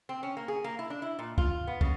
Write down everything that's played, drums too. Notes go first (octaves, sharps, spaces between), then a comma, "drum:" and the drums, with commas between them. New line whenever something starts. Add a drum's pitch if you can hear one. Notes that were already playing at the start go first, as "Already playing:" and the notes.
C4
C#4
A#3
G#4
A#3
E4
D4
E4
A#2
F4, drum: kick
B3
C#3, drum: kick